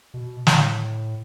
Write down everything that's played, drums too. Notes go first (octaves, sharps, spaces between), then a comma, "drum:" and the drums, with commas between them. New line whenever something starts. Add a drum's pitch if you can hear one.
B2
A2, drum: snare